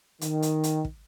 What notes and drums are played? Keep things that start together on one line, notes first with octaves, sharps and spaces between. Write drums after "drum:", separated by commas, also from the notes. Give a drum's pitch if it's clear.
D#3, drum: hi-hat
drum: hi-hat
drum: hi-hat
drum: kick